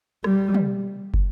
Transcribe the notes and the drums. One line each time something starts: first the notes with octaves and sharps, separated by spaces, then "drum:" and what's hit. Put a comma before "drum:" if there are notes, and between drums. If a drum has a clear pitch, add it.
G3, drum: rim click
drum: tom
drum: kick